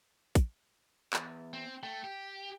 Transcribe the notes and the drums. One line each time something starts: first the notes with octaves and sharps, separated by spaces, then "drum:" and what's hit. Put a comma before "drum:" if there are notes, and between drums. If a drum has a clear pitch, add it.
drum: kick, hi-hat
E2, drum: clap
C4
A3 G5
G4